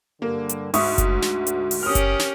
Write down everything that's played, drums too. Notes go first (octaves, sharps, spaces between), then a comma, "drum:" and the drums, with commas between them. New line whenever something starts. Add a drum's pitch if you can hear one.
G2 D3 G3 A#3
drum: hi-hat
D2 G#2 F#4 E5 C#6 D#6, drum: open hi-hat
drum: kick F#1, hi-hat
drum: snare
drum: hi-hat
drum: open hi-hat
C#4 G4 A#4 D#6 F6
drum: kick F#1, hi-hat
drum: snare